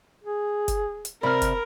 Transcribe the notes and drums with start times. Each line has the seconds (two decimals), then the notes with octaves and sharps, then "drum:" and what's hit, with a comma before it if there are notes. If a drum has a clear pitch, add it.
0.24 G#4
0.68 drum: kick F#1, hi-hat
1.05 drum: hi-hat
1.23 C3 A#4 D5 B5 F6
1.42 drum: kick F#1, hi-hat